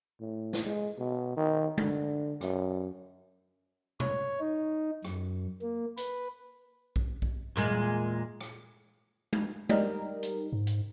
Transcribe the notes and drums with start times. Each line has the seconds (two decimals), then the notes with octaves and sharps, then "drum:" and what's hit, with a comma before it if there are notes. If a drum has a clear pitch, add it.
0.21 A2
0.53 drum: snare
0.66 G#3
0.97 B2
1.37 D#3
1.78 D3, drum: tom G#3
2.41 F#2, drum: rim click
4.00 C#5, drum: tom B2
4.40 D#4
5.04 F#2, drum: rim click
5.62 A#3
5.97 B4, drum: hi-hat
6.96 drum: kick B1
7.22 drum: kick B1
7.56 E2 A#2 G#3
8.41 drum: rim click
9.33 drum: tom G#3
9.69 G3 D#4 A#4, drum: tom G#3
10.23 drum: hi-hat
10.53 G#2
10.67 drum: hi-hat